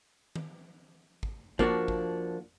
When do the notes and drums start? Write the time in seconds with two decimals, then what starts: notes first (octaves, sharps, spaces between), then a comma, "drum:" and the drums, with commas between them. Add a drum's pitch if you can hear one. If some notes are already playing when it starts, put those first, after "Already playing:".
0.36 drum: tom D#3
1.23 drum: kick
1.59 F3 A#3 D4 F#4, drum: kick
1.88 drum: kick